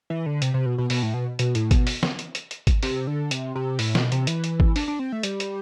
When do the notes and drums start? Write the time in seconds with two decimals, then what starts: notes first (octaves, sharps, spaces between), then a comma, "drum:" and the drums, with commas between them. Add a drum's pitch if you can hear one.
0.10 E3
0.26 D3
0.42 C3, drum: hi-hat
0.54 C3
0.66 B2
0.78 B2
0.90 B2, drum: open hi-hat
1.03 A2
1.14 B2
1.39 B2, drum: hi-hat
1.55 A2, drum: hi-hat
1.71 B2, drum: kick G#1, hi-hat
1.87 drum: open hi-hat
2.03 drum: snare
2.19 drum: hi-hat
2.35 drum: hi-hat
2.51 drum: hi-hat
2.67 drum: kick G#1, hi-hat
2.83 C3, drum: open hi-hat
3.07 D3
3.31 C3, drum: hi-hat
3.55 C3
3.79 A2, drum: open hi-hat
3.95 B2, drum: snare
4.12 C3, drum: hi-hat
4.27 E3, drum: hi-hat
4.44 drum: hi-hat
4.60 drum: kick G#1
4.76 D4, drum: open hi-hat
4.88 D4
4.99 C4
5.12 A3
5.23 G3, drum: hi-hat
5.40 drum: hi-hat